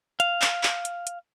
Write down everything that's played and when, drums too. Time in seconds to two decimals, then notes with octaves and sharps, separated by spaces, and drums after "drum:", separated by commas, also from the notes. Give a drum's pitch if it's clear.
0.20 F5, drum: hi-hat
0.42 drum: clap
0.63 drum: clap
0.85 drum: hi-hat
1.07 drum: hi-hat